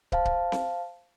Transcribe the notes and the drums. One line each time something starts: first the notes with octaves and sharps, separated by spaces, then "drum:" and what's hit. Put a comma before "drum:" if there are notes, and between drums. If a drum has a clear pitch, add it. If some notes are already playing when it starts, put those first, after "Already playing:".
C5 F5 A5, drum: kick
drum: kick
drum: snare C4